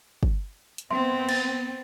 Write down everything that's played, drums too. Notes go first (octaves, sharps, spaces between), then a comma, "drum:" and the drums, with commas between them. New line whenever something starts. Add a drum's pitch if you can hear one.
drum: kick
drum: hi-hat
B3 C4 E5 C6
A6, drum: cymbal